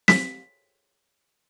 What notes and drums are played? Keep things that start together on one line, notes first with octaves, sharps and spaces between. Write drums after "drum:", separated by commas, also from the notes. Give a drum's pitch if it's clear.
B6, drum: snare